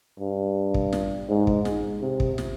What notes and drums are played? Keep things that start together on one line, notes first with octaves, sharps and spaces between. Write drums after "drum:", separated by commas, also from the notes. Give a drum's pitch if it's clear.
G2
drum: kick
drum: snare
G#2
drum: kick
drum: snare
C3
drum: kick
drum: snare